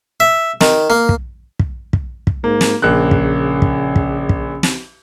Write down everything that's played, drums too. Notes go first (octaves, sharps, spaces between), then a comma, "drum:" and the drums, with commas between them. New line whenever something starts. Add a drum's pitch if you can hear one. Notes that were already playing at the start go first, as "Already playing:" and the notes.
E5
D#3, drum: snare
A#3
drum: kick
drum: kick
drum: kick
drum: kick
G#2 A#3
drum: snare
A#1 C#3 A#3 F#6
drum: kick
drum: kick
drum: kick
drum: kick
drum: snare